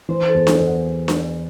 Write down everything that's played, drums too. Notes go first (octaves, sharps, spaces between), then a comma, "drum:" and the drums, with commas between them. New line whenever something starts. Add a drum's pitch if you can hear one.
E3 C5
A4
E2
G#4, drum: snare D4
E2
F#4
drum: snare D4